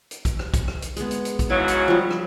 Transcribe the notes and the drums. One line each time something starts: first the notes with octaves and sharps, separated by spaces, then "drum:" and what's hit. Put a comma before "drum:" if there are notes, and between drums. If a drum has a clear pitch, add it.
drum: hi-hat
drum: kick, hi-hat
drum: rim click
drum: kick, hi-hat
drum: rim click
drum: hi-hat
G#3 B3, drum: hi-hat
drum: hi-hat
drum: hi-hat
drum: kick, hi-hat
G#2 C#3 F#3 E4
drum: hi-hat
F3 G3
drum: rim click